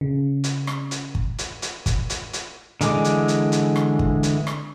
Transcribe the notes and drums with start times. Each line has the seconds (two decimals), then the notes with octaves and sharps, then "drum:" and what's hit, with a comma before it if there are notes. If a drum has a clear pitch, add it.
0.01 C#3
0.44 drum: hi-hat
0.67 drum: rim click
0.91 drum: hi-hat
1.15 drum: kick
1.38 drum: hi-hat
1.62 drum: hi-hat
1.86 drum: kick, hi-hat
2.10 drum: hi-hat
2.33 drum: hi-hat
2.81 D3 E3 G#3 G#5 D6, drum: hi-hat
3.04 drum: hi-hat
3.28 drum: hi-hat
3.52 drum: hi-hat
3.76 drum: rim click
3.99 drum: kick
4.23 drum: hi-hat
4.47 drum: rim click